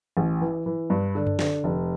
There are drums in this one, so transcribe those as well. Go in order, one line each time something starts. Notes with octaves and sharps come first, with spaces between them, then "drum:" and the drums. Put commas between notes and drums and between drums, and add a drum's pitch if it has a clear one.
A1
E3
E3
G2
D3
drum: tom F#2
D3, drum: snare
F1